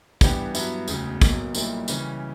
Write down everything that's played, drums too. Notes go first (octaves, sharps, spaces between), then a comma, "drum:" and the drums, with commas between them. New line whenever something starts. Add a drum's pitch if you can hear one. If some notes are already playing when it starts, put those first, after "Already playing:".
G2 E3 B3 D4 G4, drum: kick, tambourine
G2 F#3 B3 E4, drum: tambourine
E1 D2 C#3, drum: tambourine
B1 B2 F#3 A#3, drum: kick, tambourine
B1 A#2 G3 A#3 E4, drum: tambourine
C#3 E3 G3 C#4, drum: tambourine